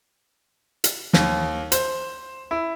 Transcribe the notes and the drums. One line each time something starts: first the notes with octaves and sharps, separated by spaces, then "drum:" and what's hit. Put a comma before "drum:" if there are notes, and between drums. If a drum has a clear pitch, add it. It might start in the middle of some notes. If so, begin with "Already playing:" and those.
drum: hi-hat
D#2, drum: snare
C5, drum: hi-hat
E4